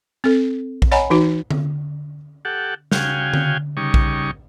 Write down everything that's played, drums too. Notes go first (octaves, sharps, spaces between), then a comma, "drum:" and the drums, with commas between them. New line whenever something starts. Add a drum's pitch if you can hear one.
C4 A4
drum: kick A#1
C#5 D#5 F#5 G#5 A#5 B5
E3 D#4 F#4
drum: tom D3
G4 A4 F#5
C#3 F#4 F5 G5 G#5, drum: snare
drum: tom D3
C#3 G3 D#4 C#6
drum: kick A#1